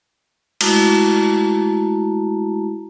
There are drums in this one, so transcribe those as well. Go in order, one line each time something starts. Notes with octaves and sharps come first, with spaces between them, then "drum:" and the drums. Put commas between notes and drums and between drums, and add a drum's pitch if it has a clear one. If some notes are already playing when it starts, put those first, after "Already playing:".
G#3 A3 E4 F#4 A5 A#5, drum: cymbal